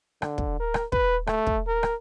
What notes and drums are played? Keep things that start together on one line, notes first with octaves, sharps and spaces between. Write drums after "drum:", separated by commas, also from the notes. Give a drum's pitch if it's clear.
D3, drum: rim click
drum: kick
A#4
drum: rim click
B4, drum: kick
A3, drum: rim click
drum: kick
A#4
drum: rim click